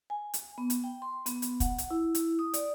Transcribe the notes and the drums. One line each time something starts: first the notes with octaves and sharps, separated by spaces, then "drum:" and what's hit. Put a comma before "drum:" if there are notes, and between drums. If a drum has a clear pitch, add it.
G#5
drum: hi-hat
B3
drum: hi-hat
G5
C6
B3, drum: hi-hat
drum: hi-hat
F#5, drum: kick, hi-hat
drum: hi-hat
E4
drum: hi-hat
D#6
D5, drum: hi-hat